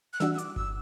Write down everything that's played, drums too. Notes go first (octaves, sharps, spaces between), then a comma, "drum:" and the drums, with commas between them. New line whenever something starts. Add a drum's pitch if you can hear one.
F#6
E3 G3 D4 F#4 E6, drum: snare
E6
D6, drum: hi-hat
E6, drum: kick G1